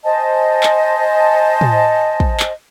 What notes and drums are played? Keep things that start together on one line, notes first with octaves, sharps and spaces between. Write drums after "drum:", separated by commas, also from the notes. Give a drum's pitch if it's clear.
C5 D#5 G#5 A5
drum: clap
drum: tom A2
drum: kick
drum: clap